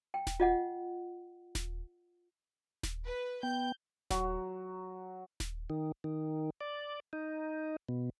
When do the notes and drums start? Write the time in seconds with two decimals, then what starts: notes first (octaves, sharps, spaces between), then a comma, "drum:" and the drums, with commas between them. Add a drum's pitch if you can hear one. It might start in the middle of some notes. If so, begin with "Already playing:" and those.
0.14 G5
0.27 drum: snare D#1
0.40 F4 D#5 F#5
1.55 drum: snare D#1
2.83 drum: snare D#1
3.05 B4
3.43 B3 G5 G6
4.10 F#3, drum: snare D#1
5.40 drum: snare D#1
5.70 D#3
6.04 D#3
6.61 D5
7.13 D#4
7.89 B2